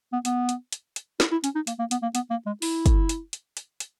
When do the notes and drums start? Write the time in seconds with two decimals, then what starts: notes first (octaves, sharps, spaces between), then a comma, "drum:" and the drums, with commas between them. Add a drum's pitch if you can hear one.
0.13 B3
0.25 B3, drum: hi-hat
0.49 drum: hi-hat
0.72 drum: hi-hat
0.96 drum: hi-hat
1.20 E4, drum: snare
1.32 E4
1.44 C#4, drum: hi-hat
1.55 D#4
1.67 A#3, drum: hi-hat
1.79 A#3
1.91 B3, drum: hi-hat
2.02 A#3
2.15 B3, drum: hi-hat
2.30 A#3
2.46 G#3
2.62 E4, drum: open hi-hat
2.86 drum: kick, hi-hat
3.09 drum: hi-hat
3.33 drum: hi-hat
3.57 drum: hi-hat
3.80 drum: hi-hat